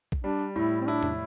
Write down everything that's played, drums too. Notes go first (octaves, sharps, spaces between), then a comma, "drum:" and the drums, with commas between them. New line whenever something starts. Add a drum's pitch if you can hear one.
drum: kick A#1
G3 D4
A2 E4
C4
D4 E4
drum: tom E2